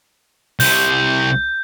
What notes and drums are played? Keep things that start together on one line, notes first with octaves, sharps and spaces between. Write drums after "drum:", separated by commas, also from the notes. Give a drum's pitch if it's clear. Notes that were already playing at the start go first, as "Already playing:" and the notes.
C2 C3 G6, drum: open hi-hat